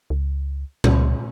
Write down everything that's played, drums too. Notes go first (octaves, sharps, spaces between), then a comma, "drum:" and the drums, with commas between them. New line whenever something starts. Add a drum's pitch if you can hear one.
C#2
C#2, drum: tom A#2